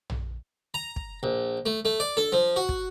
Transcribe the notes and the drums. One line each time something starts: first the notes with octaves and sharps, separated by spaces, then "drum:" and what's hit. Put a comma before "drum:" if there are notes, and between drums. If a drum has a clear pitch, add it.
drum: tom
A#5
drum: kick
A#1
A3
A3
D5
A4, drum: snare D4
F3
F#4
drum: kick